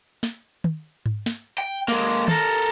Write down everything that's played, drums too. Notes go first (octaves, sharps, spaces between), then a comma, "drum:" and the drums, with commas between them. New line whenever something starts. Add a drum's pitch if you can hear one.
drum: snare
drum: tom
drum: tom G#2
drum: snare
G5
G#3 A#3, drum: snare
A4 A#4, drum: tom